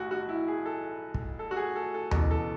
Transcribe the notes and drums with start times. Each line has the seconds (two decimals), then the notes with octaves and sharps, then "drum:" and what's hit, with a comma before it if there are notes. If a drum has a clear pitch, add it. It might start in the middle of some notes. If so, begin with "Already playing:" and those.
Already playing: B1 A2 F#4
0.11 F#4
0.29 E4
0.48 G#4
0.66 A4
1.14 drum: kick
1.39 A4
1.51 F#4
1.56 G#4
1.76 A4
1.94 A4
2.11 F#1 E2 B2, drum: tom D#2
2.31 A4